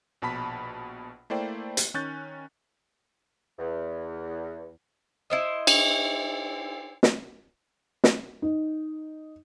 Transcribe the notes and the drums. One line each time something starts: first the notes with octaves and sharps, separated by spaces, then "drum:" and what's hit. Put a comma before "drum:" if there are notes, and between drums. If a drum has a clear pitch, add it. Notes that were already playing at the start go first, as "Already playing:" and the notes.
A#1 B2 A5 B5 B6
A3 A#3 E4 C5 D5 G5
drum: hi-hat
D#3 C#4 C#6 F#6 G6 A6
E2
E4 C5 D#5
drum: cymbal
drum: snare
drum: snare
D#4